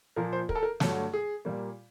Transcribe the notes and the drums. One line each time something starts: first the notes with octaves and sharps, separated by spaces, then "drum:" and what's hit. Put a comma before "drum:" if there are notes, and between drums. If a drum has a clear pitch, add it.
A#2 F3 A#3 A#4
C5
A#4, drum: kick
A4
A#4
G2 D3 F#3 A3 A4, drum: snare
G#4
A#2 G3 A#3